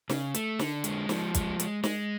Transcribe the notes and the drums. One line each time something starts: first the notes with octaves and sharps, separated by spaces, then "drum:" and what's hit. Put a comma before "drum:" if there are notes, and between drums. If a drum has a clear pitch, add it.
C#3, drum: snare
A3, drum: hi-hat
D3, drum: snare
G#3, drum: hi-hat
F3, drum: snare
G#3, drum: kick, hi-hat
G#3, drum: hi-hat
G#3, drum: snare